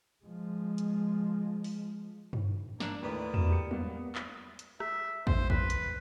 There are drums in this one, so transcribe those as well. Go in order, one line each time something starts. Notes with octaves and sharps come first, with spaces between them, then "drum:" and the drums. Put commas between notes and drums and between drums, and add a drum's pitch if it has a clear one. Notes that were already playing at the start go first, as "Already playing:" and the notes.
F3 G#3
drum: hi-hat
drum: open hi-hat
drum: tom G2
A#3 D4, drum: snare
D#2 A2 A#3 B3 D5
A2 F#4 E7, drum: tom E2
G4 C#7
A#3 B3, drum: tom F#3
drum: clap
drum: hi-hat
E5, drum: rim click
C5, drum: kick
B4, drum: kick
drum: hi-hat